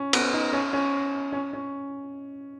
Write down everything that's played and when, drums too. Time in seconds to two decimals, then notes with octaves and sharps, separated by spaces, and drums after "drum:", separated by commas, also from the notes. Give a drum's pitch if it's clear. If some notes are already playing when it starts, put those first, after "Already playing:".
Already playing: C#4
0.13 B3, drum: cymbal
0.33 D#4
0.53 C#4
0.73 C#4
1.32 C#4
1.53 C#4